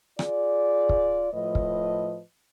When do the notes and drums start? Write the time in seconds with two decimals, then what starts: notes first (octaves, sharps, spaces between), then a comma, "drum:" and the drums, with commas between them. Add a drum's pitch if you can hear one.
0.19 F4 G#4 D5, drum: rim click
0.89 drum: kick
1.33 A2 F3 B4 D#5
1.55 drum: kick